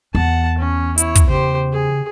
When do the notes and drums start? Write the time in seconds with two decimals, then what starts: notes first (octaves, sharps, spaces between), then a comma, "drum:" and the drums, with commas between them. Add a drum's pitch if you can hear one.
0.15 E2 F#5 A5
0.58 C#4
0.98 E4 C#5, drum: hi-hat
1.15 drum: kick, hi-hat
1.29 C#3 G4 C5
1.73 G#4